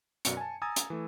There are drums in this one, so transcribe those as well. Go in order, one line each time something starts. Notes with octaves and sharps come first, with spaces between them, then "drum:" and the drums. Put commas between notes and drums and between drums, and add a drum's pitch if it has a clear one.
F#2 B2 D5 C#7, drum: hi-hat
G#5 A5
G#5 A#5 D#6 E6 G#6 A6
drum: hi-hat
E3 A3